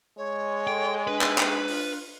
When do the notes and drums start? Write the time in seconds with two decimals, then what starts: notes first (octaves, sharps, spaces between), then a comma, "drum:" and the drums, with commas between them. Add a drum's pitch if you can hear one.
0.18 G#3 C#5
0.67 A4 G5
1.07 D4 B4
1.21 drum: clap
1.38 drum: clap
1.68 F4, drum: open hi-hat